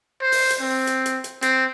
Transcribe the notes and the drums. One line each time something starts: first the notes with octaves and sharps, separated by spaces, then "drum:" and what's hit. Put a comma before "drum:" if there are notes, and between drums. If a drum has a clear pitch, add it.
C5
drum: open hi-hat
drum: hi-hat
C4
drum: hi-hat
drum: hi-hat
drum: hi-hat
C4, drum: hi-hat